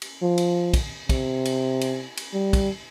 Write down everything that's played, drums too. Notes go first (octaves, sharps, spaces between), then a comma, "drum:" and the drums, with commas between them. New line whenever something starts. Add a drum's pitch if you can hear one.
drum: cymbal
F3
drum: cymbal
drum: kick, cymbal
C3, drum: kick, cymbal
drum: cymbal
drum: cymbal
drum: cymbal
G3
drum: kick, cymbal